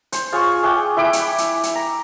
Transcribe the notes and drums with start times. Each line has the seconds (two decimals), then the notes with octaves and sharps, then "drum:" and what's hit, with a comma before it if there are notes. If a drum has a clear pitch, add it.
0.12 C5, drum: hi-hat
0.32 F4 G#4 C#5 C#6
0.63 G#4 F#5 G5 D6
0.97 E4 G5 B5 D6
1.13 drum: hi-hat
1.38 drum: hi-hat
1.63 drum: hi-hat
1.75 A#5